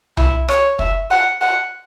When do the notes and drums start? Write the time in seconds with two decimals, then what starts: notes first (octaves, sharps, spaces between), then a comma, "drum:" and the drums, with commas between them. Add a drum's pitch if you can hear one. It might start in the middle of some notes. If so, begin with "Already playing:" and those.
0.17 E4, drum: tom C2
0.48 C#5, drum: rim click
0.79 E5, drum: kick
1.11 F#5
1.41 F#5